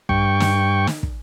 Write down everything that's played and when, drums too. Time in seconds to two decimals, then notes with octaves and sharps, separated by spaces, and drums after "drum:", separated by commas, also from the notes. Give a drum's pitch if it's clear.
0.09 G2 G5 C#6, drum: kick
0.40 drum: snare
0.87 drum: snare
1.03 drum: kick